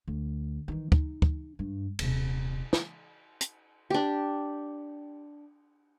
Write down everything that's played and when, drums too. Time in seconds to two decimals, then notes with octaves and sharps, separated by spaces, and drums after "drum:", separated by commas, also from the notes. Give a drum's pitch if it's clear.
0.08 D2
0.68 D#3 E3
0.92 D#4, drum: kick
1.22 drum: kick
1.59 G2
1.99 D#1 C3, drum: cymbal
2.73 drum: snare
3.41 drum: hi-hat
3.90 D4 G4